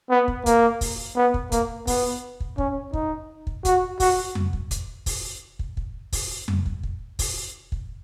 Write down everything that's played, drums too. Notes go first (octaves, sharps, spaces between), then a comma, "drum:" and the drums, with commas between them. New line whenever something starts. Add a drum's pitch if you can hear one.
B3
drum: kick
A#3, drum: kick, hi-hat
drum: kick, open hi-hat
B3
drum: kick
A#3, drum: kick, hi-hat
B3, drum: kick, open hi-hat
drum: kick
C#4, drum: kick
D#4, drum: kick
drum: kick
F#4, drum: kick, hi-hat
F#4, drum: kick, open hi-hat
drum: tom F2
drum: kick
drum: kick, hi-hat
drum: kick, open hi-hat
drum: kick
drum: kick
drum: kick, open hi-hat
drum: tom F2
drum: kick
drum: kick
drum: kick, open hi-hat
drum: kick